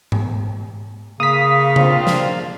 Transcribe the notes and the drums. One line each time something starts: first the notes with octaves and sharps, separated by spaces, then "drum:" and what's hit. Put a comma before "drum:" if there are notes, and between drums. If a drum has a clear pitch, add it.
drum: tom G#2
C#3 A#3 F5 D#6 B6
C4 D4 F4, drum: tom C#3
drum: snare